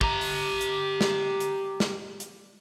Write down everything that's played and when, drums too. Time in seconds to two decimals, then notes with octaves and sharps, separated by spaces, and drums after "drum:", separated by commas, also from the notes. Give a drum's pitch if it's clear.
0.01 G4 A#5, drum: kick
0.21 drum: open hi-hat
0.61 drum: hi-hat
1.01 drum: snare
1.40 drum: hi-hat
1.80 drum: snare
2.20 drum: hi-hat